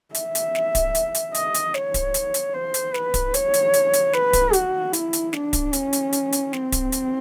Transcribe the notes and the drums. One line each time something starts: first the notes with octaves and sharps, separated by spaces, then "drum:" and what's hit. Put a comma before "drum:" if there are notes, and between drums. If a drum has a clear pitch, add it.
E5, drum: hi-hat
drum: hi-hat
drum: snare
drum: kick D1, hi-hat
drum: hi-hat
drum: hi-hat
D#5, drum: hi-hat
drum: hi-hat
C#5, drum: snare
drum: kick D1, hi-hat
drum: hi-hat
drum: hi-hat
C5
drum: hi-hat
B4, drum: snare
drum: kick D1, hi-hat
C#5, drum: hi-hat
drum: hi-hat
drum: hi-hat
drum: hi-hat
B4, drum: snare
drum: kick D1, hi-hat
F#4, drum: hi-hat
E4, drum: hi-hat
drum: hi-hat
D4, drum: snare
drum: kick D1, hi-hat
C#4, drum: hi-hat
drum: hi-hat
drum: hi-hat
drum: hi-hat
C4, drum: snare
drum: kick D1, hi-hat
drum: hi-hat